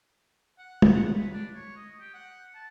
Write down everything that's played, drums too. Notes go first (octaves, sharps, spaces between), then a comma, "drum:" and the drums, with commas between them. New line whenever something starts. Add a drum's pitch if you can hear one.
F#5
drum: tom G#3
B4
D4
C#5
D#5
G4
F#5
A5